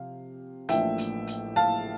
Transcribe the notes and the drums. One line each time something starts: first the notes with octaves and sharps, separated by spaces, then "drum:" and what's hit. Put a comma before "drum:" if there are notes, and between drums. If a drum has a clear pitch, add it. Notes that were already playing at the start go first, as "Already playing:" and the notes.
Already playing: C3 F3 F5
A1 A2 F3 A#3 D4 E5 G5, drum: hi-hat
drum: hi-hat
drum: hi-hat
F5 A5